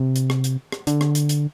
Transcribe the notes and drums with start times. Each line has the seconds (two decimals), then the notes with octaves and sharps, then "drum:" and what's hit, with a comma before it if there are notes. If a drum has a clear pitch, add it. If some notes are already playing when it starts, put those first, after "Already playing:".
Already playing: C3
0.16 drum: hi-hat
0.30 drum: rim click
0.44 drum: hi-hat
0.72 drum: rim click
0.87 D3, drum: hi-hat
1.01 drum: rim click
1.15 drum: hi-hat
1.29 drum: hi-hat